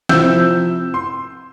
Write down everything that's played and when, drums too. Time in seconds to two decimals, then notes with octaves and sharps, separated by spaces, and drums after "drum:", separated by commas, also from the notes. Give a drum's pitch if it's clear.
0.09 C3 F3 C4 E4 E6 G6, drum: snare
0.94 C6